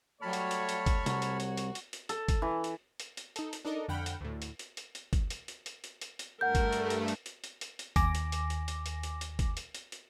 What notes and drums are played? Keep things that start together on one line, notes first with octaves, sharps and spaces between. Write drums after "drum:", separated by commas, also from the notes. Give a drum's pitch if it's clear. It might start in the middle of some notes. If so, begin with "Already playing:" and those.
F#3 G3 A3 F#4 C#5 A5 B5 F6
drum: hi-hat
drum: hi-hat
drum: hi-hat
drum: kick, hi-hat
C2 F#4, drum: hi-hat
drum: hi-hat
drum: hi-hat
drum: hi-hat
drum: hi-hat
drum: hi-hat
A4, drum: hi-hat
drum: kick, hi-hat
E3
drum: hi-hat
drum: hi-hat
drum: hi-hat
D#4 A4, drum: hi-hat
drum: hi-hat
D4 D#4 A4 A#4 D#5
F2 D3 F#5 G5 B5 F6
drum: hi-hat
D2 A2
drum: hi-hat
drum: hi-hat
drum: hi-hat
drum: hi-hat
drum: kick, hi-hat
drum: hi-hat
drum: hi-hat
drum: hi-hat
drum: hi-hat
drum: hi-hat
drum: hi-hat
G2 A3 A#4 F#5 G6
drum: kick, hi-hat
drum: hi-hat
drum: hi-hat
drum: hi-hat
drum: hi-hat
drum: hi-hat
drum: hi-hat
drum: hi-hat
D#2 G#5 D6 A#6, drum: kick, hi-hat
drum: hi-hat
drum: hi-hat
drum: hi-hat
drum: hi-hat
drum: hi-hat
drum: hi-hat
drum: hi-hat
drum: kick, hi-hat
drum: hi-hat
drum: hi-hat
drum: hi-hat